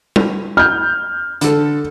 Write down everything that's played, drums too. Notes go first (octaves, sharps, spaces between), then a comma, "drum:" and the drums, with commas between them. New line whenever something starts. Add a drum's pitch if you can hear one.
drum: tom G3
F6 G6
D3 A4, drum: hi-hat